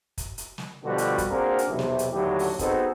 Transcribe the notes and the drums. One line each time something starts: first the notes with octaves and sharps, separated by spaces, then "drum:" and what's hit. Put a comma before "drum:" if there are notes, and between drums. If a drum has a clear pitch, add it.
drum: kick, hi-hat
drum: hi-hat
drum: snare
B2 D3 F3 G3 F#4
drum: hi-hat
drum: kick, hi-hat
A#3 C4 D4 F#4 G#4 A#4
drum: hi-hat
B1 E2 C3
drum: snare
drum: hi-hat
D#2 A2 D3 F#3 G4
drum: open hi-hat
B3 C4 D#4 F#4 G#4 A4, drum: kick, hi-hat